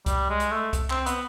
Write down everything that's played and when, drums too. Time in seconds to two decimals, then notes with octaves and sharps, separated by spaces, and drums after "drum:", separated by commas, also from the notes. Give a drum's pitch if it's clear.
0.06 G3, drum: kick C2, hi-hat
0.30 G#3
0.40 drum: hi-hat
0.51 A3
0.73 drum: kick C2, hi-hat
0.90 C4, drum: clap
1.06 B3, drum: hi-hat